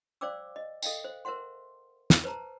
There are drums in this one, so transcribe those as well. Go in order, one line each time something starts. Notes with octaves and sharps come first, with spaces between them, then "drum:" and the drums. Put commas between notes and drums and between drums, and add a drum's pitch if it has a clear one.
C5 D5 F5 G5 D6 E6
D#5
A4 D#5 F5 G5, drum: tambourine
C5
A#4 C5 E5 F#5 C6
drum: snare
B4 C5 A5 A#5